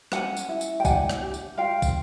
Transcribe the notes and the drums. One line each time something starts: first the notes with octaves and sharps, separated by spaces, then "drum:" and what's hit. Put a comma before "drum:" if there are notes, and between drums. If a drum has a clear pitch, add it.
C#4 F#5 G#5, drum: rim click
drum: tambourine
E4
drum: tambourine
G5
D4 F#5 G#5, drum: kick, tambourine
drum: rim click
G4
drum: tambourine
F4 F5 G5
drum: kick, tambourine